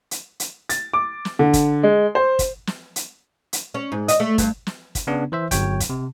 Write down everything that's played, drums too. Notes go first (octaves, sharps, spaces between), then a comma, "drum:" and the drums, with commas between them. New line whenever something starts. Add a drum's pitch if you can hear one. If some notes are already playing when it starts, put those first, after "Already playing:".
drum: hi-hat
drum: hi-hat
A6, drum: hi-hat
D6
drum: snare
D3
drum: kick, hi-hat
G#3
C5
drum: kick, hi-hat
drum: snare
drum: hi-hat
drum: hi-hat
C#4
G#2
D#5, drum: hi-hat
A3
G2, drum: kick, hi-hat
drum: snare
drum: kick, hi-hat
C#3 B3 D4
E3 C5 E5
G1 F#3 C#5 G5, drum: kick, hi-hat
drum: kick, hi-hat
C3